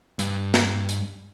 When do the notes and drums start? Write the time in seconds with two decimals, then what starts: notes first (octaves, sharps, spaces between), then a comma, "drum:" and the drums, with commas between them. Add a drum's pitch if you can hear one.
0.19 G2, drum: hi-hat
0.54 drum: snare
0.89 drum: hi-hat